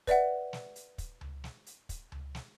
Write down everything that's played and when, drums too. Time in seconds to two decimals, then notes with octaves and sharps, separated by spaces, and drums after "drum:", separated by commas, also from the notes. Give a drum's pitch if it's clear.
0.07 B4 D5 E5 F#5, drum: kick, hi-hat
0.53 drum: snare
0.76 drum: hi-hat
0.98 drum: kick, hi-hat
1.21 drum: tom C#2
1.44 drum: snare
1.66 drum: hi-hat
1.89 drum: kick, hi-hat
2.12 drum: tom C#2
2.35 drum: snare